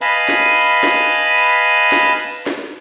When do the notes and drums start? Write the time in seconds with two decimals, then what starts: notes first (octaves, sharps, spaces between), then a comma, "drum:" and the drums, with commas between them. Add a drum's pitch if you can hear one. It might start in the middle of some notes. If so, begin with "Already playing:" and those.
0.01 B4 D#5 F5 G#5 A5 B5, drum: cymbal
0.29 drum: snare
0.56 drum: cymbal
0.83 drum: snare
1.10 drum: cymbal
1.38 drum: cymbal
1.65 drum: cymbal
1.92 drum: snare
2.19 drum: cymbal
2.47 drum: snare